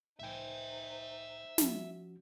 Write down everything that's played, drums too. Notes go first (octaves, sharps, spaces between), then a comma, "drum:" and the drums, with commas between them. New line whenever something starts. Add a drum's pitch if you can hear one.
C2 A2 D#4 C5 E5 G5 G#5
F3 C#4 F#4, drum: snare